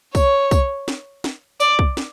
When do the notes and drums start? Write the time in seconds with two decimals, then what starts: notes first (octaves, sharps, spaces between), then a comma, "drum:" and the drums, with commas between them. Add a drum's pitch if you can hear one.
0.15 C#5, drum: kick, tambourine
0.51 drum: kick, tambourine
0.88 drum: snare
1.24 drum: snare
1.60 D5, drum: tambourine
1.79 drum: kick
1.97 drum: snare